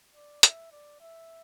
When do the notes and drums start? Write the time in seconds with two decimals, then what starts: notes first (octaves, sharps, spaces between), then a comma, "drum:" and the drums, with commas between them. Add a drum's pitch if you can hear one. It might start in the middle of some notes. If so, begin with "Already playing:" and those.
0.15 D5
0.43 E5, drum: hi-hat
0.72 D5
1.00 E5